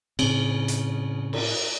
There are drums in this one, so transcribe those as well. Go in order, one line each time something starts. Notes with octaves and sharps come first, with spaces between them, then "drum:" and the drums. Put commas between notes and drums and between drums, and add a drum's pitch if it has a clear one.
A2 C#3 C4, drum: cymbal
drum: hi-hat
drum: cymbal